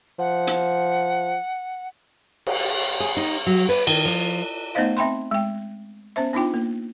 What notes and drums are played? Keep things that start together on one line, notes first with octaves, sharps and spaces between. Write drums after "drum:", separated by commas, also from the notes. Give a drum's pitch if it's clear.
F3 F#5
drum: hi-hat
drum: cymbal
G#4
D#4
F#3
B4, drum: open hi-hat
D#3, drum: cymbal
F3
A3 B3 D#4 C5 D#5 F5
C4 E5 G5 B5 C6
G#3 G5
B3 C#4 C5 E5
B3 D4 D#4 F4 G5
A#3